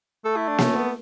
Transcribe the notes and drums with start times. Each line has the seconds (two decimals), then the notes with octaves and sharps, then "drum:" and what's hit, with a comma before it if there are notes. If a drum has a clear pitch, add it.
0.25 A3 A4
0.36 E4
0.48 D4
0.58 C#4, drum: snare A#3
0.76 B3